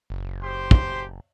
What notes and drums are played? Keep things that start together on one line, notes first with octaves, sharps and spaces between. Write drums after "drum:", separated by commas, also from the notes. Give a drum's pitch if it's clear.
F#1
G4 C5 C6
drum: kick